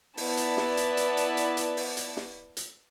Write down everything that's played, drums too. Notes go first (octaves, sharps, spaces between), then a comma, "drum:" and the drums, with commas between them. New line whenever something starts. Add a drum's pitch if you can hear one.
B3 E4 D5 A5, drum: open hi-hat
drum: hi-hat
drum: snare
drum: hi-hat
drum: hi-hat
drum: hi-hat
drum: hi-hat
drum: hi-hat
drum: open hi-hat
drum: hi-hat
drum: snare
drum: hi-hat